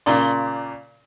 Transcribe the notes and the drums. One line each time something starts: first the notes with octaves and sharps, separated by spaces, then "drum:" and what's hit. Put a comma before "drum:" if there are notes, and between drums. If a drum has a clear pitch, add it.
A#2 C#3 D5 C6, drum: open hi-hat